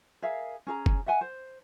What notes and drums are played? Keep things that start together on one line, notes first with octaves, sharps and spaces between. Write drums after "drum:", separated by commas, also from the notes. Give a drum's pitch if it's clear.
G#4 A#4 E5 F5
C#4 G#4 A#5
drum: kick
D#5 E5 F#5 G#5
C5